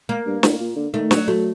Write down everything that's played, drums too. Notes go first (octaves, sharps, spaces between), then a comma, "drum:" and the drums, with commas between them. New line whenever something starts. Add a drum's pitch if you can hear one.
A#3
G2
A2, drum: snare
A#2
D3
D#3 A3
F#3, drum: snare
F#3 A3